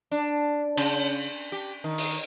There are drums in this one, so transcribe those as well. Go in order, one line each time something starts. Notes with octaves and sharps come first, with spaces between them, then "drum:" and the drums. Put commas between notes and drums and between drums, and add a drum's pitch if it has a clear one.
D4
C#3, drum: cymbal
G4
D#3
drum: open hi-hat